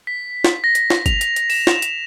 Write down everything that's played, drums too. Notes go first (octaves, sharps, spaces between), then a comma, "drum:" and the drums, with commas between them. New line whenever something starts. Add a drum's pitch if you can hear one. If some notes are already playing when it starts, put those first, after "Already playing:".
B6
drum: snare
A#6
drum: hi-hat
drum: snare
F7, drum: kick G1, hi-hat
drum: hi-hat
drum: hi-hat
E7, drum: open hi-hat
drum: snare
drum: hi-hat